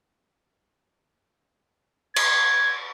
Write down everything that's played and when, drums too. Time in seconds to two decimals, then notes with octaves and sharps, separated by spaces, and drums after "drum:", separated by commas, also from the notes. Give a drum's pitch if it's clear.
2.16 G#6, drum: cymbal